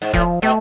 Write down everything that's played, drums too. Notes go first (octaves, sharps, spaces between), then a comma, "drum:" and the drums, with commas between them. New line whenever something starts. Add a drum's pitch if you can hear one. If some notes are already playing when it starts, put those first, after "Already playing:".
G#2
A2 F3, drum: kick E1
B2 A3